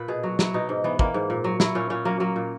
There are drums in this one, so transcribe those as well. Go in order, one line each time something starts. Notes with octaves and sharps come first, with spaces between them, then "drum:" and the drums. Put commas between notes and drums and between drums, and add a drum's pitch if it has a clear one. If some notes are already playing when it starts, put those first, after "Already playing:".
Already playing: A#2 B4
B2 G#4
F#3 F#4
F#3 E4, drum: snare
B2 D#4
G#2
E3 B3
E3 A#3, drum: kick
G#2
A#2
F#3
F#3 E4, drum: snare
A#2 C#4
A#2 C#4
F#3 A#3
F#3 A#3
A#2